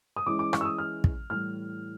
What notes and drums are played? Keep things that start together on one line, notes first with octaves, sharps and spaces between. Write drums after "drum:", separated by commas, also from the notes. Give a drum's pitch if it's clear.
D#6
E3 G#3 C#4 E4 D6
D6
C#6, drum: rim click
E6
D#6
F6
drum: kick
A2 E3 G3 F6